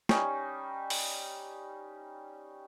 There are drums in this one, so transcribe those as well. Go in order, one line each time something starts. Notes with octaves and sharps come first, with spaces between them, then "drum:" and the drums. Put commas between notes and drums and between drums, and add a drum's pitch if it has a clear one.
G3 C#4 D#4, drum: snare
drum: open hi-hat